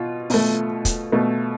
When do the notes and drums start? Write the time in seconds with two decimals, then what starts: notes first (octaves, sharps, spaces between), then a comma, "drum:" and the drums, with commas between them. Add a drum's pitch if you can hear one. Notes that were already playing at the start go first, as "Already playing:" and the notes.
Already playing: B2 F4
0.30 B2 A3, drum: open hi-hat
0.85 drum: kick, hi-hat
1.12 B2 A3